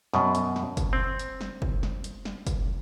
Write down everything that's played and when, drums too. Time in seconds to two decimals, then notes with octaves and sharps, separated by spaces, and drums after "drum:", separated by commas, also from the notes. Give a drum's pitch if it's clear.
0.14 F#2 B2, drum: snare
0.35 drum: hi-hat
0.56 drum: snare
0.77 drum: kick, hi-hat
0.93 C4
1.19 drum: hi-hat
1.41 drum: snare
1.62 drum: kick
1.83 drum: snare
2.04 drum: hi-hat
2.25 drum: snare
2.47 drum: kick, hi-hat